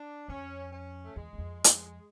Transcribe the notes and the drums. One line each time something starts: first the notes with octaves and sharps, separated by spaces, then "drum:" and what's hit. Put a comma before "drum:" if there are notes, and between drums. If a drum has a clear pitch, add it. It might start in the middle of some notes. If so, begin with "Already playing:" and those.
Already playing: D4
F2 C#4
C#4
A3
E2 G#3
F#2
F2
drum: hi-hat